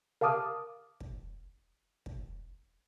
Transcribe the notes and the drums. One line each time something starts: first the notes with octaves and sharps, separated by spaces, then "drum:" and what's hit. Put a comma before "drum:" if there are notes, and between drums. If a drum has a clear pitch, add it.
A#4 F5 A5 D6 D#6 F6
drum: kick
drum: kick